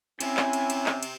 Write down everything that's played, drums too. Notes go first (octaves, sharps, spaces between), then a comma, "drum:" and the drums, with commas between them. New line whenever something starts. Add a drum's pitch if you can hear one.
C3 C4 C#4 E4 G#5, drum: cymbal
drum: clap
drum: cymbal
drum: cymbal
drum: clap
drum: cymbal